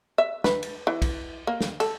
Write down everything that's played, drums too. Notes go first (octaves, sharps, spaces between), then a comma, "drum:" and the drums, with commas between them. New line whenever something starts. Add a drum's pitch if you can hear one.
E5
B4, drum: snare
drum: cymbal
E3
drum: kick, cymbal
A#3
drum: snare
A4, drum: cymbal